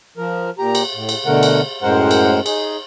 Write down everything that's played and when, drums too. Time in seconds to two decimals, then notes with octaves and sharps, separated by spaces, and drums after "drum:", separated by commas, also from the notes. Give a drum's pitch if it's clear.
0.17 F3 A#4
0.59 A#2 G4 A#5
0.75 drum: cymbal
0.94 A2
1.09 drum: cymbal
1.26 B2 D3 A3 A#4 F#5
1.43 drum: cymbal
1.82 F#2 A2 G#3 A#4 C5 F#5
2.11 drum: cymbal
2.46 D#4 G#4, drum: cymbal